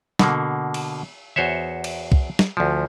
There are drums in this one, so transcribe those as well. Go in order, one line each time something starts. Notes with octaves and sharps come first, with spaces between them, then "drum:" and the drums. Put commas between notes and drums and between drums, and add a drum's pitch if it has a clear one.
B2 D3 A#3, drum: snare
drum: cymbal
E2 F#4 C5 C#5 E5
drum: cymbal
drum: kick C2
drum: snare
D2 F3